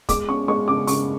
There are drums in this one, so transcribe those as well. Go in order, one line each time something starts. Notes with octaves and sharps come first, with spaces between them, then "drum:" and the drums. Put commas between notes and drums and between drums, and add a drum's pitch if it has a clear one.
G#3 D6, drum: kick, hi-hat
C#4 C#6
G#3 C#6
C#3 D6
C#3 C#6, drum: open hi-hat